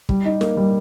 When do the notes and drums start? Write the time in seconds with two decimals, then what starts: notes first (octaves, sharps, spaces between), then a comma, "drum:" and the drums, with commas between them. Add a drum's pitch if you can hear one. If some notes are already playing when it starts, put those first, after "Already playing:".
0.09 G3, drum: kick
0.25 D#4
0.41 A#3, drum: snare
0.57 G3